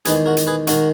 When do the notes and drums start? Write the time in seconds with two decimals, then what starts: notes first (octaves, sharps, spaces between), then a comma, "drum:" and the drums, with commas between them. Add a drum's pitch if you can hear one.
0.05 E2 D#3 G#3 G#4 B4, drum: hi-hat
0.26 F#4 A#4
0.37 drum: hi-hat
0.47 G#4 B4
0.67 D#3 G#3 F#4 A#4, drum: hi-hat